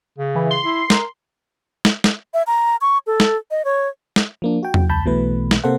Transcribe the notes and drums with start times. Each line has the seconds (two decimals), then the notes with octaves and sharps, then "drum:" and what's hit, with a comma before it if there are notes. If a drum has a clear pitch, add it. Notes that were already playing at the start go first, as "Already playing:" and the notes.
0.19 C#3
0.35 E3
0.51 C6
0.65 E4
0.90 A#4, drum: snare
1.85 drum: snare
2.04 drum: snare
2.34 E5
2.47 A#5
2.81 C#6
3.07 A4
3.20 drum: snare
3.51 D#5
3.65 C#5
4.16 drum: snare
4.42 F3 A#3 D4
4.63 F#4 G5
4.74 drum: tom E2
4.89 C#2 A5 B5 G6
5.05 B1 B2 E3 A3 B4
5.51 drum: snare
5.64 C3 A#3 A4 C5 F#5